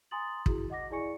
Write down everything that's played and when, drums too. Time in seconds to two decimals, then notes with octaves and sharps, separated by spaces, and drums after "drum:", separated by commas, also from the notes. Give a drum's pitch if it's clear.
0.11 G#5 A#5 C6 D#6 A6 F#7
0.46 E4 F#4 G#4, drum: kick
0.70 D#5 F#5 D6 A#6
0.90 E4 G#4 D5 G#5 C#6 C#7